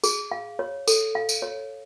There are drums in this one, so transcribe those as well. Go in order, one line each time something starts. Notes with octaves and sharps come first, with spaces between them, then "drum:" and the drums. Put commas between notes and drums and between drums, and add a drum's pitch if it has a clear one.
G#4, drum: tambourine
F5
C#5
A4, drum: tambourine
F5
drum: tambourine
C#5